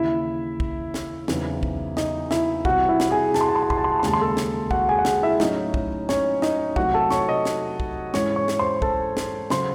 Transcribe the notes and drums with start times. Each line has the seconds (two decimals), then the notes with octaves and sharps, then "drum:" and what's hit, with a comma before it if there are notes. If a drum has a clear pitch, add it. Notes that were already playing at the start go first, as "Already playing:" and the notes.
Already playing: D#2 C#3 E3 E4 E5
0.60 drum: kick
0.94 drum: snare
1.28 E2 C#3 F#3 C4 D#4, drum: snare
1.63 drum: kick
1.97 D#4 D#5, drum: snare
2.31 E4 E5, drum: snare
2.65 C2 C3 E3 F#4 F#5, drum: kick
2.89 E4 E5
3.00 drum: snare
3.11 G#4 G#5
3.34 A5, drum: snare
3.41 C6
3.49 A5
3.56 C6
3.63 A5
3.70 C6, drum: kick
3.78 A5
3.84 C6
3.92 A5
4.00 C6
4.03 D#2 C#3 G#3 A5, drum: snare
4.13 C6
4.22 A4 A5
4.37 drum: snare
4.71 F#4 F#5, drum: kick
4.89 G#4 G#5
4.99 F#5
5.05 G#4 G#5, drum: snare
5.23 E4 E5
5.40 A2 F#3 C#4 D#4 D#5, drum: snare
5.74 drum: kick
6.09 C#4 C#5, drum: snare
6.42 D#4 D#5, drum: snare
6.76 C3 F#3 A3 D#4 F#4 F#5, drum: kick
6.94 A4 A5
7.10 C#5 C#6, drum: snare
7.29 D#5 D#6
7.45 drum: snare
7.80 drum: kick
8.14 G#2 E3 G#3 C#4 C#5 C#6, drum: snare
8.36 C#5 C#6
8.48 drum: snare
8.59 C5 C6
8.82 A4 A5, drum: kick
9.17 drum: snare
9.50 C#3 F#3 C5 C6, drum: snare